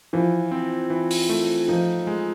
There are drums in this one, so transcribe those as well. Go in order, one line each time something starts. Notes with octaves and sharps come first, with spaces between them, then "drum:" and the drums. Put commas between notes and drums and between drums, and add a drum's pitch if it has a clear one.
E3 F3
C4
E3
drum: open hi-hat
A3
F3 D#4
G#3